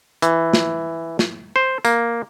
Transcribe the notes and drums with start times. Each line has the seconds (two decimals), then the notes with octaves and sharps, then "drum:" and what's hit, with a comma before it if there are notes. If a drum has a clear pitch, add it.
0.22 E3, drum: hi-hat
0.53 drum: snare
1.19 drum: snare
1.56 C5
1.85 A#3, drum: tambourine